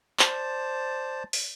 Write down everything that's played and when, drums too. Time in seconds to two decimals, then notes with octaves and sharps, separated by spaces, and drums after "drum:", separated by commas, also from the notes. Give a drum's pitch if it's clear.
0.19 C5 D5 A5, drum: clap
1.33 drum: open hi-hat